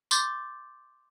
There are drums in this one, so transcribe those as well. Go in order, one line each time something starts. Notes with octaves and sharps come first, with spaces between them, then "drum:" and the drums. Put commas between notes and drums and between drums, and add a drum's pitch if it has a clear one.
C6 D6 G6 A6, drum: tambourine